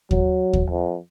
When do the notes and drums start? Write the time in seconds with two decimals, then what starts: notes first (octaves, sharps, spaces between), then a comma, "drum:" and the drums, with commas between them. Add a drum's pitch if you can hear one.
0.11 F#3, drum: kick D#2
0.53 drum: kick D#2
0.70 F2